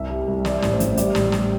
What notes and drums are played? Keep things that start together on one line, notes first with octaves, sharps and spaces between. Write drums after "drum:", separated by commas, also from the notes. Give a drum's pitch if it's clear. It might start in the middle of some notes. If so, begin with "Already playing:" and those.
Already playing: C2 E5
G3
C2
G3 D5, drum: snare
A1, drum: snare
C5
A1, drum: hi-hat
G3 D5, drum: hi-hat
A1, drum: snare
G3, drum: snare